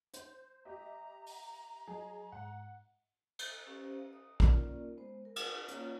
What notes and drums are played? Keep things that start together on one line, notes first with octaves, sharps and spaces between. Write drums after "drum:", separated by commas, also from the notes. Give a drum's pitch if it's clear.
C5, drum: hi-hat
G4 D#5 E5 A#5
drum: open hi-hat
F#3 G#4 D#5
G#2 F#5
drum: cymbal
C#4 G4 B4 C5 F5
D#6
A#3 C#4 D#4 F4 A#4 D5, drum: kick
G#3 B3 C5
A#4
drum: cymbal
A#3 C#4 F4 C#5, drum: hi-hat